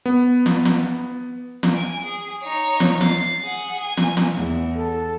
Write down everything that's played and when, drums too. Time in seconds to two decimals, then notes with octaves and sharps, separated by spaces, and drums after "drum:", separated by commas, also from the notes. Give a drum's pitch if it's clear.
0.06 B3
0.46 drum: snare
0.65 drum: snare
1.63 drum: snare
1.74 G#5 D7
2.05 G#4
2.43 D#4 C#5
2.80 drum: snare
3.01 A6 C7, drum: snare
3.43 G#4 F#5
3.80 G#5
3.97 drum: snare
4.17 drum: snare
4.35 E2
4.75 A4